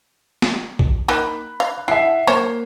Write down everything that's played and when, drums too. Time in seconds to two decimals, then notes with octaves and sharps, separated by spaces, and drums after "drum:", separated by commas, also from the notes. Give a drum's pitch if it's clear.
0.42 drum: snare
0.79 drum: kick
1.08 A#3 D#4 B5 F#6
1.60 F5
1.88 E4 E5 F#5 C7
2.27 A#3 C5 C#5